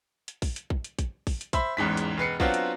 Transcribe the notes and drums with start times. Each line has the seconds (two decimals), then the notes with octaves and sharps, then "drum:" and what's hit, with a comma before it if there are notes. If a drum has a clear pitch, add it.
0.28 drum: hi-hat
0.42 drum: kick, open hi-hat
0.56 drum: hi-hat
0.70 drum: kick
0.84 drum: hi-hat
0.99 drum: kick, hi-hat
1.27 drum: kick, open hi-hat
1.41 drum: hi-hat
1.53 C5 E5 B5, drum: kick, hi-hat
1.77 A1 E2 G#2 B6
1.97 drum: hi-hat
2.18 E1 B4 C7 C#7
2.40 F#3 B3 C4 D4 F4 F#4, drum: kick
2.54 drum: hi-hat